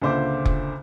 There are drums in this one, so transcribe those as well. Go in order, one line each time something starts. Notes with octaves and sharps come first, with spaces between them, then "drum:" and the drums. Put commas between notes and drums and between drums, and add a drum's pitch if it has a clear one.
C#2 A#2 D3 C5 E5 D6
drum: kick F1